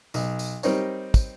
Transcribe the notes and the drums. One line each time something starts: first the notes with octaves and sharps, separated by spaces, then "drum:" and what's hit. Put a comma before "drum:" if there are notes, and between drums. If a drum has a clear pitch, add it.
B1, drum: tambourine
drum: tambourine
G3 C4 D#4 A#4 C#5, drum: tambourine
drum: kick, tambourine